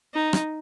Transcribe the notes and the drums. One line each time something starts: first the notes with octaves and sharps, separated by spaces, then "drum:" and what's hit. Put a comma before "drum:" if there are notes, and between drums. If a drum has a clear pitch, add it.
D#4
drum: rim click